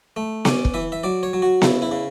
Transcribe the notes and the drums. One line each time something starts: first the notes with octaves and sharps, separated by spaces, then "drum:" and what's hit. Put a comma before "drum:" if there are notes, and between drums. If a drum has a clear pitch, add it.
A3
C#4 D5, drum: snare B3
drum: kick
E3 E5
E5
F#3 D5
C#5
F#3
F#4
C#3 E4, drum: snare B3
E4
C#3